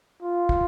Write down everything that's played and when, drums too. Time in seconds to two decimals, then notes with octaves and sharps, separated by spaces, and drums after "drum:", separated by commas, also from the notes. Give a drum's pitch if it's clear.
0.23 F4
0.49 drum: kick